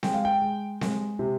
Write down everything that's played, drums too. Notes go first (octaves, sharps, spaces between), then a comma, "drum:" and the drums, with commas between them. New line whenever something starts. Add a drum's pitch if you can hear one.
G#3 G5, drum: snare C4
F5
G5
G#3
G#3, drum: snare C4
C3